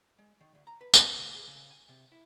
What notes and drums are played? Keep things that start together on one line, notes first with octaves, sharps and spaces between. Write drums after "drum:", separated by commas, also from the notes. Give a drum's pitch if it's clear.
G#3
D#3
D2
A#5
B4
B3, drum: tambourine
C#3
G#4
C#3
G#5
C3
E4